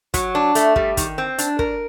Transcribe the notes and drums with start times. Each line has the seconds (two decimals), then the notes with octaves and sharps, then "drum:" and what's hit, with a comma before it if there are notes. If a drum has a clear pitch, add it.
0.14 F#3, drum: kick, hi-hat
0.35 D4
0.55 A3, drum: hi-hat
0.76 G3, drum: kick
0.97 D#3, drum: kick, hi-hat
1.18 C4
1.38 D4, drum: hi-hat
1.59 A#4, drum: kick